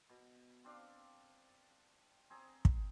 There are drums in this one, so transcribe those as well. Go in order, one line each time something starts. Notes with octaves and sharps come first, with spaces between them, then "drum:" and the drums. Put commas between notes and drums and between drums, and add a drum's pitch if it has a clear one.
B2
C4 D4 F5
C4 G#4 A#5
drum: kick